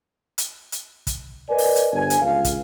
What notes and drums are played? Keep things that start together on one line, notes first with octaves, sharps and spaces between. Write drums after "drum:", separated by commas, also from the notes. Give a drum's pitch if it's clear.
drum: hi-hat
drum: hi-hat
drum: kick, hi-hat
A#4 B4 D5 D#5 G#5
drum: open hi-hat
drum: hi-hat
G1 G#5
drum: hi-hat
C#2 F5
drum: kick, hi-hat